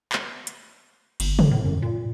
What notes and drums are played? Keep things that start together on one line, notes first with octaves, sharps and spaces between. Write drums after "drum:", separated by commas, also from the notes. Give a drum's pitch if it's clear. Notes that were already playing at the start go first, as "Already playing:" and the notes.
drum: clap
drum: hi-hat
G1, drum: cymbal
drum: tom
A2
F#2
A#2